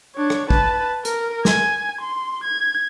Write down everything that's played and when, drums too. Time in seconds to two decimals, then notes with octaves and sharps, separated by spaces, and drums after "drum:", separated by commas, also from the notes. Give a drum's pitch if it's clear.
0.16 D4 C#5
0.30 drum: rim click
0.50 B4 A5, drum: kick
1.05 A#4, drum: hi-hat
1.45 G#5, drum: snare
2.01 C6
2.44 G#6